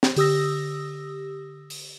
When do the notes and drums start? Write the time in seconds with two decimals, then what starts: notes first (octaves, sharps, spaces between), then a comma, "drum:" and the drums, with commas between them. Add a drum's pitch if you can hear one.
0.03 drum: snare
0.16 D3 G4 D#6 E6 A#6, drum: open hi-hat
1.70 drum: open hi-hat